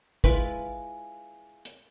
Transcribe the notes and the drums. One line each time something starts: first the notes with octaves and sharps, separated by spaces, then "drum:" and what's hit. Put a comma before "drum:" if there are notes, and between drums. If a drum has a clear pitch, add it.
G#3 E4 F4 B4, drum: kick
drum: hi-hat